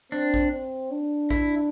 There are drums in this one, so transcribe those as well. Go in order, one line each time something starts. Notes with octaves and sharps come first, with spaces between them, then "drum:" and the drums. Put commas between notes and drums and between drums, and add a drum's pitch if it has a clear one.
C4 D4
drum: kick A#1
C4
D4
E4, drum: kick A#1